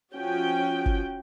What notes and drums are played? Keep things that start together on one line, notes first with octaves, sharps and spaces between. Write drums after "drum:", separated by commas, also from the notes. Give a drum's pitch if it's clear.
F3 C#4 F#4 G5
drum: kick G1